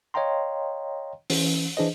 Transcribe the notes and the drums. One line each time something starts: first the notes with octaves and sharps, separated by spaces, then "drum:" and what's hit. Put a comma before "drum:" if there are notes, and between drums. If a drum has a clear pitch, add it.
C#5 D#5 F5 G5 A#5 C6
E3 C#4, drum: open hi-hat
E3 D4 G#4 C5 D#5